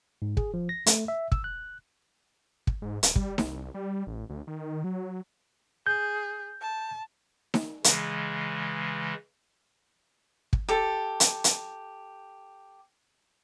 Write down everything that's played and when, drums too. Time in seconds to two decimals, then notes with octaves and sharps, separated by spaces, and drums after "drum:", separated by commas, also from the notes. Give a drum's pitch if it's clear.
0.22 G#2
0.37 G#4, drum: kick
0.54 F3
0.69 A#6
0.86 A3, drum: hi-hat
1.08 E5
1.32 E6, drum: kick
1.44 F#6
2.67 drum: kick
2.82 G#2
3.03 D1, drum: hi-hat
3.16 G3, drum: kick
3.38 C2, drum: snare D#4
3.74 G3
4.07 A1
4.30 D2
4.47 D#3
4.84 F#3
5.87 G#4 G6
6.62 A5
7.54 drum: snare D#4
7.84 C#3 E3 G#3, drum: hi-hat
10.53 drum: kick
10.69 G4 A4
11.20 drum: hi-hat
11.44 drum: hi-hat